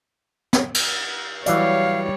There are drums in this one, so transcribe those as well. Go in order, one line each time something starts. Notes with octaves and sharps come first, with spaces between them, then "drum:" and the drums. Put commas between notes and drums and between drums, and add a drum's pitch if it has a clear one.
drum: snare
drum: cymbal
E3 F#3 G3 C#5 D5 F5, drum: hi-hat